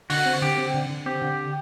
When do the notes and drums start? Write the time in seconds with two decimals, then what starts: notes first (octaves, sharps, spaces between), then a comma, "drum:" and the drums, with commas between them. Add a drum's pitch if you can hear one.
0.10 D3 F#4, drum: open hi-hat
0.26 C4
0.41 D3 G4
0.58 C4
0.74 D3
0.89 D3
1.06 C4 G4
1.22 D3